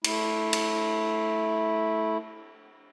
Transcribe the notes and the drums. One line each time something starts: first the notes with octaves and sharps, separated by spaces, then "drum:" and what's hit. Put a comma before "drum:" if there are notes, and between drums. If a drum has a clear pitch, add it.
A3 E4, drum: cymbal
drum: cymbal